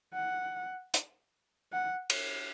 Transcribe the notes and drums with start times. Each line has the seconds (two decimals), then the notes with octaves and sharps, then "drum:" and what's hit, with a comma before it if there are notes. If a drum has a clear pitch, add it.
0.14 F#5
0.94 drum: hi-hat
1.73 F#5
2.10 drum: cymbal